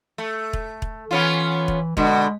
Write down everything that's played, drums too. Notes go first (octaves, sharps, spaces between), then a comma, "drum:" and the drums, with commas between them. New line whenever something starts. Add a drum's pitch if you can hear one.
A3
drum: kick E1
drum: kick E1
E3 B3 C#4 F4
drum: kick E1
B2 D3 G#3, drum: kick E1